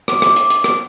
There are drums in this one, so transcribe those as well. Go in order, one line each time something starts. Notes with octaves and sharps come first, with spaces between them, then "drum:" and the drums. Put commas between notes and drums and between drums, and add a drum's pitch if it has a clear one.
D6, drum: rim click
drum: rim click
drum: hi-hat
drum: hi-hat
drum: rim click